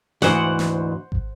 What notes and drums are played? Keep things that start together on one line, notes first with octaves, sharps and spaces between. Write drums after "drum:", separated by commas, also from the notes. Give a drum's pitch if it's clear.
D2 G#2 E3 C5 F#5, drum: snare
drum: snare
drum: kick G#1